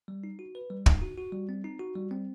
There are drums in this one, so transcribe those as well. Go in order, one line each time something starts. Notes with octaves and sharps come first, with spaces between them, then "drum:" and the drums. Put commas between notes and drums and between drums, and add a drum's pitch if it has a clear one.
G3
D#4
F#4
B4
G3
D#4, drum: kick
F#4
F#4
G3
C4
D#4
F#4
G3
C4